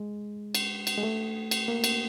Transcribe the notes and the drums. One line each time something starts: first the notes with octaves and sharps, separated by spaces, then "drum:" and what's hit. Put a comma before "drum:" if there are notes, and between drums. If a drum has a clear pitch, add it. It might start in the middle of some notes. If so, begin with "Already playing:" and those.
Already playing: G#3
drum: cymbal
drum: cymbal
G#3
A3
drum: cymbal
A#3
drum: cymbal